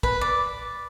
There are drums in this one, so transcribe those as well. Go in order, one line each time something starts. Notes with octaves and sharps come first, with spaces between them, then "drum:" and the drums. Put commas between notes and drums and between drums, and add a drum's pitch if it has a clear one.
B4, drum: kick
D5